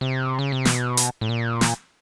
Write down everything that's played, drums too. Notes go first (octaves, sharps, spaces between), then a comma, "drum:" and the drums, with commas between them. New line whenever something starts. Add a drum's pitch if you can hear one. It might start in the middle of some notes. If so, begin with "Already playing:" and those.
C3
C#3
C3
B2, drum: snare
drum: hi-hat
A2
A#2
drum: snare